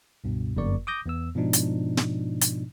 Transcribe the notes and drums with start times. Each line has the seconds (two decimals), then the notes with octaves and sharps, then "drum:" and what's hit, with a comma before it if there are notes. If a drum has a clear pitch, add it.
0.24 C#2 G2 B2
0.56 G1 F#2 A#3 A#4 D5 C#6
0.87 D6 D#6 G6 A#6
1.06 E2 B3 E6
1.35 G#2 B2 F3 D4 D#4
1.53 drum: hi-hat
1.97 drum: snare
2.41 drum: hi-hat